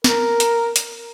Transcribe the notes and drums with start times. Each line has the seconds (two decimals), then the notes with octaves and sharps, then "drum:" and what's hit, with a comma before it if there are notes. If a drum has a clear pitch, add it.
0.04 A#4, drum: snare
0.40 drum: hi-hat
0.76 drum: hi-hat